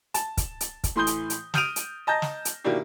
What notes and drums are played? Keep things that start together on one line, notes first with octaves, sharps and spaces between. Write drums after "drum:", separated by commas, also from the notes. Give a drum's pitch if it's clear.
A5, drum: hi-hat
drum: kick, hi-hat
drum: hi-hat
drum: kick, hi-hat
A2 E3 C6 D#6 G6 G7
drum: hi-hat
drum: hi-hat
D#6 F6 G6 D7 D#7 F7, drum: snare
drum: hi-hat
D#5 A5 A#5 G6 A#6
drum: snare
drum: hi-hat
B2 D#3 A#3 D4 E4 G4